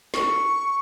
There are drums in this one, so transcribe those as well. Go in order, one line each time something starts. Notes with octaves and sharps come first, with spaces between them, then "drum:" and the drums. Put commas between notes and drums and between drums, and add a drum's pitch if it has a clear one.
C#6, drum: snare